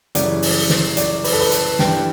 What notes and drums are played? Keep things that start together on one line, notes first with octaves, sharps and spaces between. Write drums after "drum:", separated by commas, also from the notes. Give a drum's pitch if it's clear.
F#2 C#3 E3 G3 D5, drum: hi-hat
drum: open hi-hat
drum: snare
D5, drum: hi-hat
B4, drum: open hi-hat
A4
B4
B4, drum: hi-hat
G2 E3 G3 G5, drum: snare